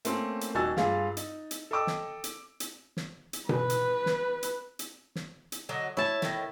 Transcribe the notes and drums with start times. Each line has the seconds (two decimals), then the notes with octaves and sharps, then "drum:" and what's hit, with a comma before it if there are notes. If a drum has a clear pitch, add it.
0.05 A3 A#3 C4 C#4, drum: hi-hat
0.41 drum: hi-hat
0.55 D#1 D#4 F#4 G#5 E6 A6
0.77 G2 F4 G#4 F5, drum: snare
1.17 D#4, drum: hi-hat
1.51 drum: hi-hat
1.71 A4 D#5 G5 D6 E6
1.87 drum: snare
2.24 drum: hi-hat
2.60 drum: hi-hat
2.97 drum: snare
3.33 drum: hi-hat
3.49 B4, drum: tom B2
3.70 drum: hi-hat
4.06 drum: snare
4.43 drum: hi-hat
4.79 drum: hi-hat
5.16 drum: snare
5.52 drum: hi-hat
5.69 D3 F#3 D#5
5.97 E4 C#5 A5
6.22 A2 D#3, drum: snare